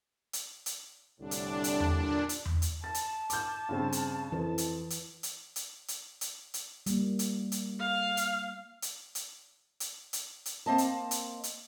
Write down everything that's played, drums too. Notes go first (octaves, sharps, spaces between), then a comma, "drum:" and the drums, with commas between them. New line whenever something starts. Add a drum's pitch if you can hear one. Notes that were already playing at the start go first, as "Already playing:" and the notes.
drum: hi-hat
drum: hi-hat
C2 A2 D3 D4
drum: hi-hat
drum: hi-hat
drum: tom E2
A#2 D4
drum: hi-hat
drum: tom E2
drum: hi-hat
A5 A6
drum: hi-hat
D6 G6, drum: hi-hat
G2 C#3 C4
drum: hi-hat
F2 E3
drum: hi-hat
drum: hi-hat
drum: hi-hat
drum: hi-hat
drum: hi-hat
drum: hi-hat
drum: hi-hat
G3 A#3, drum: hi-hat
drum: hi-hat
drum: hi-hat
F5
drum: hi-hat
drum: hi-hat
drum: hi-hat
drum: hi-hat
drum: hi-hat
drum: hi-hat
A#3 C4 D#5 A5
drum: hi-hat
drum: hi-hat
drum: hi-hat